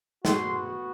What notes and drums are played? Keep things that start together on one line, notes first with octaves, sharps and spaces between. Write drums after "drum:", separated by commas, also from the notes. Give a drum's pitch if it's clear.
B3 F#4 C6, drum: snare